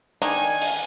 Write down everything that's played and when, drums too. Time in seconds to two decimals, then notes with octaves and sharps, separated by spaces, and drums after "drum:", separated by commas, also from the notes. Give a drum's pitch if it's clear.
0.22 D#3 D4 D#4 G#5, drum: hi-hat
0.62 drum: open hi-hat